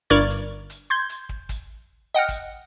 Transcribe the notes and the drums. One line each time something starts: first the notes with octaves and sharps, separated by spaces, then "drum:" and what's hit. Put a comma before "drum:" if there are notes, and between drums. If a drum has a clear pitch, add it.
G1 G2 A#4 D5 C#6 G#6
drum: hi-hat
drum: hi-hat
C6 G6 G#6
drum: hi-hat
drum: kick
drum: kick, hi-hat
D#5 F#5 G5 F6
drum: kick, hi-hat